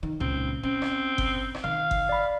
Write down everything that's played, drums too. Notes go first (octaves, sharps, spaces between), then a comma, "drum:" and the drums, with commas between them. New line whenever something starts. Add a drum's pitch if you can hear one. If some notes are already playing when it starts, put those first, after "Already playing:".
D#3
C#2 A#2 C4
C4 C#4
drum: rim click
drum: kick G1
drum: rim click
D#3 F5
drum: kick G1
D5 B5